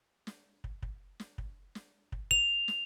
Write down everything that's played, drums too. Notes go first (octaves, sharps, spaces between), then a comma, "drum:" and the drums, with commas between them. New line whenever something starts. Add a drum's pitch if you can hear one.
drum: snare
drum: kick
drum: kick
drum: snare
drum: kick
drum: snare
drum: kick
F7, drum: kick
drum: snare